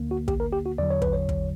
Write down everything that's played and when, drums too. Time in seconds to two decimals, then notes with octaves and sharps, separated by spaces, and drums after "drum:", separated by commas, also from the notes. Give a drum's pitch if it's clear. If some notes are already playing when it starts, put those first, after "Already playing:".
Already playing: D2 D3 A#3
0.11 F#4
0.28 G4, drum: kick
0.40 A#4
0.53 G4
0.66 F#4
0.78 E2 D3 F#3 D5
0.90 C#5
1.02 B4, drum: kick
1.13 C#5
1.29 drum: kick